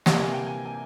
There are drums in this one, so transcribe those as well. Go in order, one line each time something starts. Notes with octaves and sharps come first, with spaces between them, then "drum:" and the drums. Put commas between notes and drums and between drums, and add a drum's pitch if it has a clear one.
C3 E3 G3 A#3 A#5, drum: snare
G#5
G5
G#5
G#5